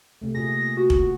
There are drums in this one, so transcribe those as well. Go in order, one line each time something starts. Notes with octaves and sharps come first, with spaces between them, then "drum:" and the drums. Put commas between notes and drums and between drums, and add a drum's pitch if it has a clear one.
C3 A3
A#2 G#4 A#6
F#4
drum: kick